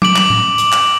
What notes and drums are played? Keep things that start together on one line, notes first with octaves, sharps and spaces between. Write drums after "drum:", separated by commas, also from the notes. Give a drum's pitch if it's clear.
D6 D7 F#7, drum: tom
drum: clap
drum: tom A2
drum: hi-hat
drum: clap